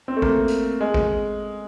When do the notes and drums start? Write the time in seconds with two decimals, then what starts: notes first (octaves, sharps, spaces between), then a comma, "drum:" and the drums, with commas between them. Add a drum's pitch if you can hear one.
0.08 C4
0.17 A3
0.22 A#3, drum: kick G#1
0.48 drum: hi-hat
0.81 G#3
0.94 drum: kick G#1